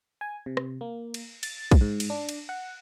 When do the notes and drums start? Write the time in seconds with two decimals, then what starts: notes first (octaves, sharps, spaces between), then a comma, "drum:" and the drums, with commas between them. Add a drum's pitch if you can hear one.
0.21 G#5
0.46 C3
0.57 drum: rim click
0.81 A#3
1.14 drum: cymbal
1.43 A6, drum: cymbal
1.71 drum: kick, cymbal
1.81 G#2
2.00 drum: cymbal
2.10 D4
2.29 drum: cymbal
2.49 F#5